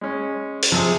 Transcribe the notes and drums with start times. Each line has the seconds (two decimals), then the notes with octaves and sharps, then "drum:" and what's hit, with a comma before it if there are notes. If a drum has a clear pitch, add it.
0.01 G#3 C#4
0.63 drum: open hi-hat
0.72 C3 F3 G#4